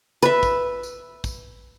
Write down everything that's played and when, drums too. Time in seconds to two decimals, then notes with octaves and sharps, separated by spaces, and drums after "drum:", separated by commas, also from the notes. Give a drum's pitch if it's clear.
0.23 B4 E5
0.43 drum: kick, tambourine
0.83 drum: tambourine
1.24 drum: kick, tambourine